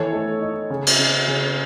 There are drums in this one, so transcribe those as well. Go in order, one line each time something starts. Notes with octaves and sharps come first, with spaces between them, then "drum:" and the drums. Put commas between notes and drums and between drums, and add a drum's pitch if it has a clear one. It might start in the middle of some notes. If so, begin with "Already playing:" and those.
Already playing: D#3 E3 A4 C#5
A3
D#4
C#3
drum: cymbal
C#3
C#3